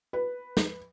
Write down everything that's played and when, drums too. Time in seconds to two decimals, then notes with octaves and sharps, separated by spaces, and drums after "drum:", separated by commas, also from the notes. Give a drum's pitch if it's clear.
0.13 B4
0.57 drum: snare